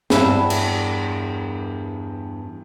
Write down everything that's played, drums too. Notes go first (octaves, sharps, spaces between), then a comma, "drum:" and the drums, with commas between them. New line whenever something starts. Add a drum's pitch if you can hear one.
E2 G2 E4 E5, drum: snare
drum: cymbal